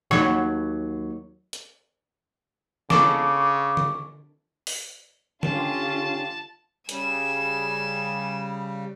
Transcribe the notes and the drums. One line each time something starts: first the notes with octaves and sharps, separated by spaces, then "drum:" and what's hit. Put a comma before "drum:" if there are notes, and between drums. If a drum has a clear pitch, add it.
D#2 F#3 C#5, drum: snare
drum: hi-hat
C#3 D4 A4 A#4 C#6 D6, drum: snare
drum: tom D3
drum: open hi-hat
D3 C#4 F4 G4 A5, drum: tom D3
C#3 G3 G#5 E7, drum: hi-hat